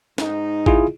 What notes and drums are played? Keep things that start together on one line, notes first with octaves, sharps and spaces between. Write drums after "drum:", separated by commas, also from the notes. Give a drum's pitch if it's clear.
G#2 D#4, drum: snare
E4 F4 G#4, drum: kick A1